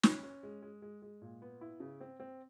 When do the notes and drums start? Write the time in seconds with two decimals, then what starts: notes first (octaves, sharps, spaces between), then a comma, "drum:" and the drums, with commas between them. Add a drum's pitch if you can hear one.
0.03 C#4, drum: snare
0.23 C#4
0.43 G#3
0.62 G#3
0.82 G#3
1.02 G#3
1.22 A#2
1.42 B3
1.61 E4
1.80 C#3
2.01 C4
2.20 C4